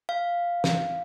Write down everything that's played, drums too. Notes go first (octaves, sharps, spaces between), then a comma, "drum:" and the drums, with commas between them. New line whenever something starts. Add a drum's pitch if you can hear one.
F5
drum: snare